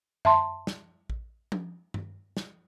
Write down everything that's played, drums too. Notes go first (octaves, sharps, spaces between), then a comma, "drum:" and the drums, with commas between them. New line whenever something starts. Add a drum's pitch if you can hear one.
E5 A5 C6, drum: tom F#2
drum: snare
drum: kick A1
drum: tom F3
drum: tom G2
drum: snare